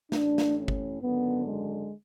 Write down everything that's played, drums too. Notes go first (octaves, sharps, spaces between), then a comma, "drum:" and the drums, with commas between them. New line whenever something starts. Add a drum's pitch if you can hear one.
A1 A2 D4, drum: snare
drum: snare
C#4
drum: kick
G#1 F#2 D3 B3
G#3